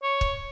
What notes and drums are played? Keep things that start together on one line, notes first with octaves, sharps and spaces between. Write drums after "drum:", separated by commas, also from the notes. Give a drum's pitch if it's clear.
C#5
drum: kick